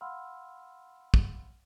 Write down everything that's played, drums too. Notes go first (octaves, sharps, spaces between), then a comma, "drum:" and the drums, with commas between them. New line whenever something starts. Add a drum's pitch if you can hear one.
F5 F#5 B5 C6 E6 F6
drum: kick